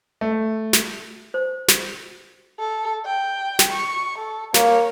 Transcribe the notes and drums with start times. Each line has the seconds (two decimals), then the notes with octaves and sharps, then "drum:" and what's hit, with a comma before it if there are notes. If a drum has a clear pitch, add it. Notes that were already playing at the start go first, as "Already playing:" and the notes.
0.21 A3
0.73 drum: snare
1.34 C5
1.68 drum: snare
2.59 A4
3.05 G5
3.59 drum: snare
3.71 C#6
4.18 A4
4.54 A#3 C#5, drum: snare